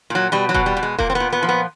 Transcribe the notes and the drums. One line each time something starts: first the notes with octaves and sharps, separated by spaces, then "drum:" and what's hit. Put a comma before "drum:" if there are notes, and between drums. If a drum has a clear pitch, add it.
A#2 F#3
B2 G3
F#3
B2, drum: kick E1
G3
B2
G#3
A#2 A#3, drum: kick E1
C4
B3
A#2
B3
F3
B3